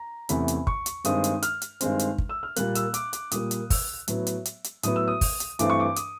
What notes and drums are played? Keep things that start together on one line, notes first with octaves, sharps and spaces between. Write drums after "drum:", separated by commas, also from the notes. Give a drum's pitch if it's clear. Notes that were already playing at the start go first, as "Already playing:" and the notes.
Already playing: A#5
E2 C3 E3 A3 C#4 B5, drum: hi-hat
drum: hi-hat
C#6, drum: kick
drum: hi-hat
G2 D#3 G#3 C4 D#6, drum: hi-hat
drum: hi-hat
F6, drum: hi-hat
drum: hi-hat
G2 D#3 G#3 C4, drum: hi-hat
drum: hi-hat
drum: kick
E6
F6
A#2 G3 A#3 F#6, drum: hi-hat
E6, drum: hi-hat
D6, drum: hi-hat
D6, drum: hi-hat
A#2 G3 A#3 D#6, drum: hi-hat
drum: hi-hat
E6, drum: kick, open hi-hat
A2 F#3 B3, drum: hi-hat
drum: hi-hat
drum: hi-hat
drum: hi-hat
A2 F#3 B3 D#6, drum: hi-hat
E6
D#6
drum: kick, open hi-hat
drum: hi-hat
G2 E3 A3 C4 D6, drum: hi-hat
C#6
D6
D#6, drum: hi-hat